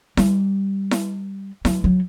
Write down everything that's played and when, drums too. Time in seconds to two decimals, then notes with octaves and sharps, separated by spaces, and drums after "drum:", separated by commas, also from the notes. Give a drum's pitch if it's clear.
0.17 G3, drum: snare E4
0.91 drum: snare E4
1.65 F#3, drum: snare E4
1.84 F#3